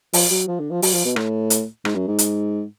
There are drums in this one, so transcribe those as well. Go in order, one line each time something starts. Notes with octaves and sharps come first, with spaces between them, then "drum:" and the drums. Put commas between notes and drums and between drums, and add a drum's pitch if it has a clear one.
F3, drum: open hi-hat
F#3
F3
D3
F3
F#3, drum: open hi-hat
F3
B2
A2, drum: rim click
drum: hi-hat
G#2, drum: rim click
F#2
G#2
drum: hi-hat